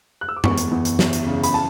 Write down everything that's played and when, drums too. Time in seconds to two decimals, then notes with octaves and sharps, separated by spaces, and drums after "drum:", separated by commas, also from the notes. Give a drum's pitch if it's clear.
0.21 F#6
0.29 E6
0.37 D6
0.44 E2 C#6, drum: tom F#2
0.58 drum: hi-hat
0.71 E2
0.85 drum: hi-hat
0.99 E3, drum: snare
1.13 drum: hi-hat
1.26 C#3
1.44 B5, drum: hi-hat
1.54 A5